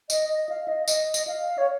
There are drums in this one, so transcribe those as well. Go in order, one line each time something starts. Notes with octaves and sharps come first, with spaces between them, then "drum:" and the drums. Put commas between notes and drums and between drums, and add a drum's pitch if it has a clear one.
D#5, drum: tambourine
D#5
F5
D#5
D#5, drum: tambourine
drum: tambourine
F5
C#5